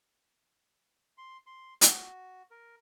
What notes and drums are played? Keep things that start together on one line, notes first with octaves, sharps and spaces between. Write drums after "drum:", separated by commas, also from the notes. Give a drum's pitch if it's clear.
C6
C6
F#4, drum: hi-hat
A#4